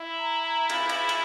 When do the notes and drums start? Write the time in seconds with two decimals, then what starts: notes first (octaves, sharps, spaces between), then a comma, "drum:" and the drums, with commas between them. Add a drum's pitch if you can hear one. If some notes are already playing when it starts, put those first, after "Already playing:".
Already playing: E4
0.18 A#5
0.43 A#5
0.69 B5, drum: cymbal
0.89 drum: cymbal
1.09 drum: cymbal